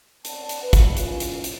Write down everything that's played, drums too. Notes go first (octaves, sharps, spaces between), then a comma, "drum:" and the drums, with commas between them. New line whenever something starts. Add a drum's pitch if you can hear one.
C4 C#4 D5 F#5 A5, drum: hi-hat
drum: hi-hat
B4
drum: kick, hi-hat
F#2 A#2 C#3 C#4 E4 F4, drum: hi-hat
drum: hi-hat
drum: hi-hat